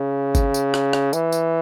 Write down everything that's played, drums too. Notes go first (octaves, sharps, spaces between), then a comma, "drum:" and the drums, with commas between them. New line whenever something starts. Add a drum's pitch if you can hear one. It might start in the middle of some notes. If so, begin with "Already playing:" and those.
Already playing: C#3
drum: kick G1, tambourine
drum: tambourine
drum: rim click
drum: rim click
E3, drum: tambourine
drum: tambourine